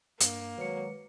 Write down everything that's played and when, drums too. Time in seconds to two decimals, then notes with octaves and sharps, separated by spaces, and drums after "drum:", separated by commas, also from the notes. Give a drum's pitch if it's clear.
0.20 G2 A#3 D4, drum: hi-hat
0.58 D#3 F#3 G#3 B4 C#7